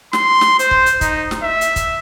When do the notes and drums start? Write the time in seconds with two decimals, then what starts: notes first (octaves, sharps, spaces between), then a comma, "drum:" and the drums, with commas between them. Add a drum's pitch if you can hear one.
0.13 C6, drum: snare
0.41 drum: snare
0.59 C5, drum: hi-hat
0.71 drum: kick
0.86 drum: hi-hat
1.01 D#4, drum: kick, hi-hat
1.31 drum: snare
1.43 E5
1.61 drum: hi-hat
1.76 drum: kick, hi-hat